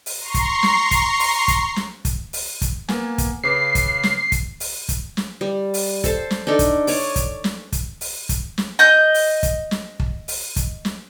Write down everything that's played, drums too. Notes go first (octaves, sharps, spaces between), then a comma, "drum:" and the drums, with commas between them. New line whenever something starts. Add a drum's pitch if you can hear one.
drum: open hi-hat
A#5 C6 C#6 C7
drum: kick, hi-hat
drum: snare
drum: kick, hi-hat
drum: open hi-hat
drum: kick, hi-hat
drum: snare
drum: kick, hi-hat
drum: open hi-hat
drum: kick, hi-hat
A#3 B3 G#5, drum: snare
drum: kick, hi-hat
C#3 B4 D6 C7
drum: kick, hi-hat
drum: snare
drum: kick, hi-hat
drum: open hi-hat
drum: kick, hi-hat
drum: snare
G3
drum: open hi-hat
A4 C5 A5, drum: kick, hi-hat
drum: snare
D4 D#4 A4 D5
drum: kick, hi-hat
C#5 D5 D6, drum: open hi-hat
drum: kick, hi-hat
drum: snare
drum: kick, hi-hat
drum: open hi-hat
drum: kick, hi-hat
drum: snare
D#5 G6
drum: open hi-hat
drum: kick, hi-hat
drum: snare
drum: kick
drum: open hi-hat
drum: kick, hi-hat
drum: snare